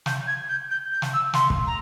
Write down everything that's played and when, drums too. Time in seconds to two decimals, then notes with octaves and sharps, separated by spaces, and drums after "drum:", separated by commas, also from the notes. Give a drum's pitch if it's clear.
0.06 G6, drum: snare
0.27 G#6
0.49 G6
0.70 G6
0.91 G6
1.02 drum: snare
1.13 E6
1.34 C6, drum: snare
1.50 drum: kick
1.66 A#5